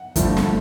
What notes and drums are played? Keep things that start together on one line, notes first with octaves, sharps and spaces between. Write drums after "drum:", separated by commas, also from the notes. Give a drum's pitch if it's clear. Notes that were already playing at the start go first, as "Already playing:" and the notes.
Already playing: F#5
G2 D3 F3 A3, drum: kick, hi-hat
drum: snare